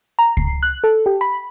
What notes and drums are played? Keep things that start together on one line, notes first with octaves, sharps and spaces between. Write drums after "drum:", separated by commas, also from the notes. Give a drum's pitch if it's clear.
A#5
C7, drum: kick C#2
F#6
A4
G4
B5